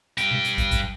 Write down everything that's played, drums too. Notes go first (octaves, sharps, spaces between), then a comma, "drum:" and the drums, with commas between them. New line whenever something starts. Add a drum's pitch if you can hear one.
G2 G5, drum: hi-hat
drum: tom B2
drum: hi-hat
drum: kick, hi-hat
drum: kick, hi-hat